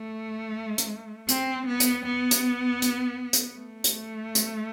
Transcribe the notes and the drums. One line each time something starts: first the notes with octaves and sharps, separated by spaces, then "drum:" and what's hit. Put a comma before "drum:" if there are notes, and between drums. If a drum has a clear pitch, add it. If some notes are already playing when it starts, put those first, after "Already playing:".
Already playing: A3
drum: hi-hat
C4, drum: hi-hat
B3
drum: hi-hat
B3
drum: hi-hat
drum: hi-hat
drum: hi-hat
A3
drum: hi-hat
drum: hi-hat